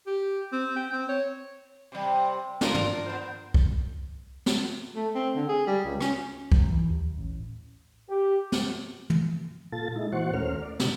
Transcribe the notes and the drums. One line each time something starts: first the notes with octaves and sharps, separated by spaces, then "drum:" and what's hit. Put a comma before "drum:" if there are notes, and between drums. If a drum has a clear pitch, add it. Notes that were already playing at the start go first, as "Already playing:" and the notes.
G4
C4
G5
C4
C#5
C3 G3
D4 F4 A#4, drum: snare
drum: tom
B3 C5
drum: kick B1
drum: snare
A3
C4
D3
G#4
G3
C#2
C#4, drum: rim click
F#3, drum: kick B1
E3
D#2
A1
G4
drum: snare
drum: tom
A#2 F4 A4 A6
G#3 D#4 E4
A#2 E3 F#4 C5 F#5 C#6
D#2 A3 C#4 A#4 C5 F6
D5
B2 D3, drum: snare